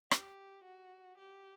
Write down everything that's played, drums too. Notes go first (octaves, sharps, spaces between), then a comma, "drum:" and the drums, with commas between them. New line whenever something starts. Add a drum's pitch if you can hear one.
G4, drum: rim click
F#4
G4